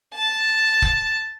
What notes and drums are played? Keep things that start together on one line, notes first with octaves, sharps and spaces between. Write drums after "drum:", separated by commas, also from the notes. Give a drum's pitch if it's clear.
A5
drum: kick